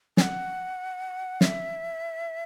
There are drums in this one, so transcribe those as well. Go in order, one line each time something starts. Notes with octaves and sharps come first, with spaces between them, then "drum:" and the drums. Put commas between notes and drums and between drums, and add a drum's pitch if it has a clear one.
G#5, drum: snare
F#5
E5, drum: snare